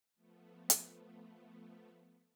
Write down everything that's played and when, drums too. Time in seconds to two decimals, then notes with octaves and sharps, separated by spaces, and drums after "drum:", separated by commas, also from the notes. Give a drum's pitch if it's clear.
0.16 F3 A3 B3
0.70 drum: hi-hat